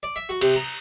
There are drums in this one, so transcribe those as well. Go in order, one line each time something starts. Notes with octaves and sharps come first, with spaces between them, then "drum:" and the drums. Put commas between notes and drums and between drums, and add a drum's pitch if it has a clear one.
D5
E5
F#4
C3, drum: cymbal
A#5